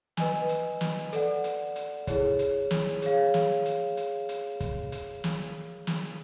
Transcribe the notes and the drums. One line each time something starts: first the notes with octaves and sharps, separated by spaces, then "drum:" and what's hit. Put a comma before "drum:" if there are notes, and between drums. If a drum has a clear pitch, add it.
B4 D#5 G#5, drum: snare
drum: hi-hat
drum: snare
A4 D5 F#5, drum: hi-hat
drum: hi-hat
drum: hi-hat
E4 G#4 C#5, drum: kick, hi-hat
drum: hi-hat
drum: snare
G#4 C#5 F5, drum: hi-hat
drum: snare
drum: hi-hat
drum: hi-hat
drum: hi-hat
drum: kick, hi-hat
drum: hi-hat
drum: snare
drum: snare